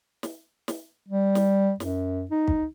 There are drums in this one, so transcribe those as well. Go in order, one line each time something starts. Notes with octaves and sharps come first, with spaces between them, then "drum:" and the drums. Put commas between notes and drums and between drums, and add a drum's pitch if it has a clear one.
drum: snare
drum: snare
G3
drum: snare
F#2, drum: snare
D#4
drum: kick